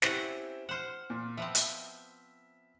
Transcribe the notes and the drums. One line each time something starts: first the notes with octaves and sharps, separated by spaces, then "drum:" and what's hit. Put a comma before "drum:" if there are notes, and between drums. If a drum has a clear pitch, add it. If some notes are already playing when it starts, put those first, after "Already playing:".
C4 C#4 E4 G4 F#5, drum: snare
C5 F#5 F6 E7
A#2
F3 B3 C4 E5
drum: hi-hat